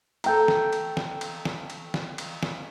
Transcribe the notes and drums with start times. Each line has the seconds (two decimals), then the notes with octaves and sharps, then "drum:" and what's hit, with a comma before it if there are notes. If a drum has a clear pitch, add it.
0.24 A4 G5 A#5, drum: cymbal
0.48 drum: snare
0.73 drum: cymbal
0.97 drum: snare
1.21 drum: cymbal
1.45 drum: snare
1.70 drum: cymbal
1.94 drum: snare
2.18 drum: cymbal
2.43 drum: snare